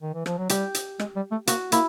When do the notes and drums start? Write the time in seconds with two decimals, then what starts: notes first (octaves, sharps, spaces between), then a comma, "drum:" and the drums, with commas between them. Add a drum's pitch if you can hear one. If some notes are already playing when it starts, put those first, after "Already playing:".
0.02 D#3
0.14 E3
0.26 F3, drum: rim click
0.38 F#3
0.49 G3 G4, drum: hi-hat
0.74 drum: hi-hat
0.99 G#3, drum: rim click
1.16 G3
1.31 A3
1.47 A#3 F#4, drum: hi-hat
1.72 A#3 E4, drum: hi-hat